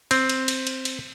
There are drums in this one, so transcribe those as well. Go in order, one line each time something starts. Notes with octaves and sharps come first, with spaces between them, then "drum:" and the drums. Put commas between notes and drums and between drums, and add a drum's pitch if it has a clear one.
C4, drum: cymbal
drum: cymbal
drum: cymbal
drum: cymbal
drum: cymbal